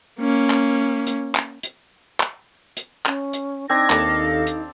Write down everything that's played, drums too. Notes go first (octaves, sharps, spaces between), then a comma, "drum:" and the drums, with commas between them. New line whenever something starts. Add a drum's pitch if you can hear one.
A#3 C#4
drum: clap
drum: hi-hat
drum: clap
drum: hi-hat
drum: clap
drum: hi-hat
C#4, drum: clap
drum: hi-hat
C4 D4 D#4 G#6 A#6
D#2 A4 D5 F5, drum: clap
drum: hi-hat